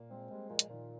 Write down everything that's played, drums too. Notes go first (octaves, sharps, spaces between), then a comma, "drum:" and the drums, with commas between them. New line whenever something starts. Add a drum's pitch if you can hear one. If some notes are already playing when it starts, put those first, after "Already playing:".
Already playing: A#2 A#3
G#3 C4
G3 G#3
A#2 F3
drum: hi-hat
A#2 D#3